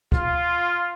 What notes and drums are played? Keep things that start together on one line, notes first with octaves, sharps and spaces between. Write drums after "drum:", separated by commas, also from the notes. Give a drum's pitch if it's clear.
F4, drum: kick